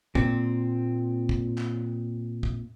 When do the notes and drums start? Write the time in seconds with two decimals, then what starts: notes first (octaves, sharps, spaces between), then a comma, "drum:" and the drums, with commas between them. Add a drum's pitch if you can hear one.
0.15 A#2 C4, drum: kick
1.29 drum: kick
1.58 drum: clap
2.43 drum: kick